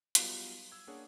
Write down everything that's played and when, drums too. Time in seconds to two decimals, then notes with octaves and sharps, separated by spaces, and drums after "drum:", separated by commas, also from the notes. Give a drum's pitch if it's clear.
0.15 F#3 G3 B3 D#4 F4 G4, drum: hi-hat
0.72 E6 G#6
0.87 A#3 C#4 D4 G#4 C#5 F#5